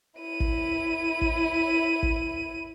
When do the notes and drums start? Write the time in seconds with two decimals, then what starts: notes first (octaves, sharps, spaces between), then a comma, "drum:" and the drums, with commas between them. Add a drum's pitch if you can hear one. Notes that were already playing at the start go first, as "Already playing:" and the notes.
0.20 E4 D#7
0.40 drum: kick
1.21 drum: kick
2.03 drum: kick